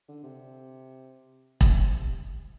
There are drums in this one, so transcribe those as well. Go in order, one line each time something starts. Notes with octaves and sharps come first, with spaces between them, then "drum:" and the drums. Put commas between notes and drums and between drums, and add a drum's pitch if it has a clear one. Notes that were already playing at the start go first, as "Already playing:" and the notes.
D3
C3
C3, drum: kick E1